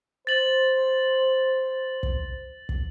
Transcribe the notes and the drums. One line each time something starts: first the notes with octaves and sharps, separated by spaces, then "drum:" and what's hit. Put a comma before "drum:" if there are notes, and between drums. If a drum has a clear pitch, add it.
C5 A6 F#7
drum: kick
drum: kick